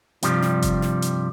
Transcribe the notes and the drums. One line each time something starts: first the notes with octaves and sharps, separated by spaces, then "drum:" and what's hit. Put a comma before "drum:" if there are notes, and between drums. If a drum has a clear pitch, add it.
G2 C3 F3 G3, drum: hi-hat
drum: snare
drum: kick F#1, hi-hat
drum: snare
drum: hi-hat